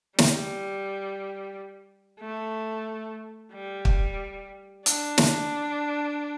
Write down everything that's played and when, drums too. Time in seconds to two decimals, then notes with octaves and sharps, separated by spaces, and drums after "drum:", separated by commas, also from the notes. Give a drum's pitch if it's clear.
0.19 G3, drum: snare
2.19 A3
3.53 G3
3.85 drum: kick
4.86 D4, drum: hi-hat
5.18 drum: snare